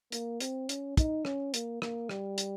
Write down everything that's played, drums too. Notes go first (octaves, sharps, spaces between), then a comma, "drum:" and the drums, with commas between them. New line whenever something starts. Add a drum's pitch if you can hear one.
A#3, drum: hi-hat
C4, drum: hi-hat
C#4, drum: hi-hat
D#4, drum: kick, hi-hat
C#4, drum: rim click
A#3, drum: hi-hat
A#3, drum: rim click
G3, drum: rim click
drum: hi-hat